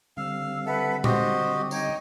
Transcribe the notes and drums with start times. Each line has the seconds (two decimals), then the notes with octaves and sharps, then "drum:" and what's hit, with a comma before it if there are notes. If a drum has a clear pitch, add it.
0.17 D3 G3 C4 F5 E6
0.66 A4 B4 E5 F#5
1.04 F#4 G4 C5 D#5, drum: tom
1.71 D#4 C#5 D#5 G5 G#6, drum: tambourine